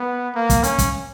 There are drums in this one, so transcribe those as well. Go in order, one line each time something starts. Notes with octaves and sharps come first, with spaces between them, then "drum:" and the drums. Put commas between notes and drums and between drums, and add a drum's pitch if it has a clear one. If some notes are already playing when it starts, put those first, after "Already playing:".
Already playing: B3
A#3
drum: kick, hi-hat
C#4, drum: hi-hat
drum: kick, hi-hat